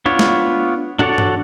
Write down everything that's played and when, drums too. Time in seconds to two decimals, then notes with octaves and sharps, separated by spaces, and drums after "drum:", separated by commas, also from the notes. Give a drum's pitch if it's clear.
0.06 B3 D4 F4 C#5
0.19 drum: snare
0.99 D4 F#4 A4 C#5 D5
1.18 drum: tom G2